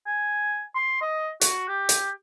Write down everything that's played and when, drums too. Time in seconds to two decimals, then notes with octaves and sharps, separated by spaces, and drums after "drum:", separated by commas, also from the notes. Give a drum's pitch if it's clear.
0.07 G#5
0.75 C6
1.02 D#5
1.41 F#4, drum: hi-hat
1.69 G4
1.89 drum: hi-hat